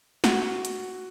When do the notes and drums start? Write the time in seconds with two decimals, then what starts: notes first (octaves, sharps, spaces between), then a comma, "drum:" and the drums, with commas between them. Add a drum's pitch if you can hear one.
0.24 F#4, drum: snare
0.65 drum: hi-hat